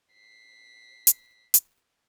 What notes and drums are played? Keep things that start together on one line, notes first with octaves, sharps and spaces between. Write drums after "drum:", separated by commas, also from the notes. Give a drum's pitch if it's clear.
B6 C7
drum: hi-hat
drum: hi-hat